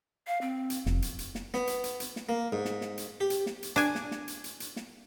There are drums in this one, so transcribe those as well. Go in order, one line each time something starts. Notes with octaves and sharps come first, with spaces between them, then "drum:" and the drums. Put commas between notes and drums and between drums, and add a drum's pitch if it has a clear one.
F5
C4
drum: hi-hat
F1, drum: snare
drum: hi-hat
drum: hi-hat
drum: snare
B3, drum: snare
drum: hi-hat
drum: hi-hat
drum: hi-hat
drum: snare
A#3
G#2
drum: snare
drum: snare
drum: hi-hat
G4
drum: hi-hat
drum: snare
drum: hi-hat
D4 G#5, drum: hi-hat
drum: snare
drum: snare
drum: hi-hat
drum: hi-hat
drum: hi-hat
drum: snare